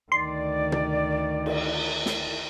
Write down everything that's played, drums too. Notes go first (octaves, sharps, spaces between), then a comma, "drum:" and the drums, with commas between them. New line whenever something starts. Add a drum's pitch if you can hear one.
D2 D#3 D5 C6
drum: tom
drum: cymbal
drum: snare